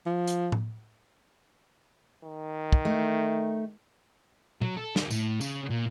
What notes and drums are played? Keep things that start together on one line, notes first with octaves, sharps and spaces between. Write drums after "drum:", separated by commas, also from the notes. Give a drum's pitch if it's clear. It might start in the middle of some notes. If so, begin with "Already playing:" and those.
F3
drum: hi-hat
drum: tom A2
D#3
drum: kick
A3 D#4
F#3, drum: tom A#2
A4
D2 A#3, drum: snare
A2, drum: tambourine
C#3, drum: tambourine
A#2